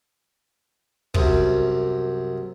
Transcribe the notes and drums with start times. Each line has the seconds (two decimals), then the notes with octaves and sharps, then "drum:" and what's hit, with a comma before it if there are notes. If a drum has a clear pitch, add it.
1.14 C2 F#2, drum: kick